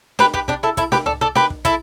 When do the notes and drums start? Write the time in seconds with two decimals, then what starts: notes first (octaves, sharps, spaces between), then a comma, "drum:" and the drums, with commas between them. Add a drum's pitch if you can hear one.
0.19 G4 B4, drum: snare
0.34 G4 B4, drum: kick
0.48 D4 G4, drum: kick
0.63 E4 A4
0.77 E4 A4, drum: kick, hi-hat
0.92 G4 B4, drum: snare
1.06 A4 D5, drum: tom C2
1.21 A4 D5
1.35 G4 B4, drum: snare
1.50 drum: kick
1.65 E4 A4, drum: kick, hi-hat